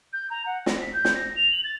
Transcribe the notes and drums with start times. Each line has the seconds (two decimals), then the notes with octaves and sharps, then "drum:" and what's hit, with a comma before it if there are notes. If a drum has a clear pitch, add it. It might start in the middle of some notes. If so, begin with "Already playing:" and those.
0.13 G6
0.30 A#5
0.46 F#5
0.66 A#6, drum: snare
0.81 B6
0.93 G6
1.05 drum: snare
1.15 A#6
1.36 F7
1.51 F#7
1.64 A6